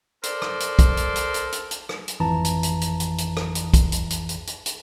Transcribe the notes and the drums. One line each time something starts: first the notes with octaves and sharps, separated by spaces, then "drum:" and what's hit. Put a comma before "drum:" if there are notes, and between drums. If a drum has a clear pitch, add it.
A4 A#4 C5 D5, drum: hi-hat
drum: rim click
drum: hi-hat
drum: kick, hi-hat
drum: hi-hat
drum: hi-hat
drum: hi-hat
drum: hi-hat
drum: hi-hat
drum: rim click
drum: hi-hat
G#1 F2 E3 A5 A#5
drum: hi-hat
drum: hi-hat
drum: hi-hat
drum: hi-hat
drum: hi-hat
drum: rim click
drum: hi-hat
drum: kick, hi-hat
drum: hi-hat
drum: hi-hat
drum: hi-hat
drum: hi-hat
drum: hi-hat